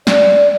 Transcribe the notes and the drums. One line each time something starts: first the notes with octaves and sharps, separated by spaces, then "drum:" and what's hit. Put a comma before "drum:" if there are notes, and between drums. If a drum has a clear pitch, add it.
D5, drum: snare